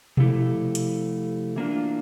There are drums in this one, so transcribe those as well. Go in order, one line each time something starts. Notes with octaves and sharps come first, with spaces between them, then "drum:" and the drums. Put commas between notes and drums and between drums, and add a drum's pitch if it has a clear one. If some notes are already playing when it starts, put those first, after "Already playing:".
C3 F3 A3 E4 G4, drum: tom B2
drum: hi-hat
E3 A#3 D4 F4